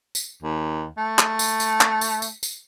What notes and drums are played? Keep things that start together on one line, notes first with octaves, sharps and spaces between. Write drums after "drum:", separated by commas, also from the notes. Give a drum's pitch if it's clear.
drum: tambourine
D#2
A3
drum: clap
drum: tambourine
drum: tambourine
drum: clap
drum: tambourine
drum: tambourine
drum: tambourine